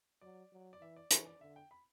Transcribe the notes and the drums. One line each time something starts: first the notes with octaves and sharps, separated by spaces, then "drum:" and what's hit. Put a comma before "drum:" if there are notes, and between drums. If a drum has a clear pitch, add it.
F#3 D5
F#3
D5
E3 E5
D5
E3 C#5, drum: hi-hat
D5
D3 E5
G5
B5